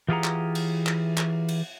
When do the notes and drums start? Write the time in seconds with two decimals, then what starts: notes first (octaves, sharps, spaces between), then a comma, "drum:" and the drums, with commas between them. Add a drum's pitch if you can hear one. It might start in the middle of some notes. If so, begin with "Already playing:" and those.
0.08 E3 F4 G4 G#4 F#5 A#5
0.24 drum: clap
0.55 drum: cymbal
0.86 drum: clap
1.17 drum: clap
1.49 drum: cymbal